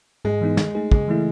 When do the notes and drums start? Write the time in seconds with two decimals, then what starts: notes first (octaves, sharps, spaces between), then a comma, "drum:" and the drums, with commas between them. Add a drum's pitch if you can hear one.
0.25 G#2 G#3
0.41 E3 B3 D#4
0.57 D#3, drum: snare
0.75 A3 D#4 G#4
0.92 C#3 G#3, drum: kick
1.08 E3 A3 E4